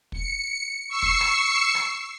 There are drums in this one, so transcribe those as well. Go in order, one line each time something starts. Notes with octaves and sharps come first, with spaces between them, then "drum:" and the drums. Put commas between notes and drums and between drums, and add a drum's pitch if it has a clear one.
C#7, drum: kick
C#6 E6 C7 C#7
drum: kick
drum: rim click
drum: rim click